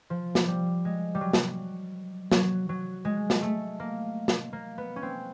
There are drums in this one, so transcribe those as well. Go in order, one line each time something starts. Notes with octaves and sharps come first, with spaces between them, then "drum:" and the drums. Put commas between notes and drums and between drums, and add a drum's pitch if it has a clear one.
F3
drum: snare
G3
G#3
G3
F#3
drum: snare
F#3, drum: snare
F#3
G#3
drum: snare
A3
A#3
drum: snare
A#3
B3
C#4
C4